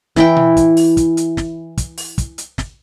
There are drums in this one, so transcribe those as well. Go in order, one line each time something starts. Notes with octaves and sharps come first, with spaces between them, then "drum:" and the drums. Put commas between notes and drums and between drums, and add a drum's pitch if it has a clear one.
E3 E4 G5, drum: snare
drum: tom A#2
drum: kick, hi-hat
drum: open hi-hat
drum: kick, hi-hat
drum: hi-hat
drum: snare
drum: kick, hi-hat
drum: open hi-hat
drum: kick, hi-hat
drum: hi-hat
drum: snare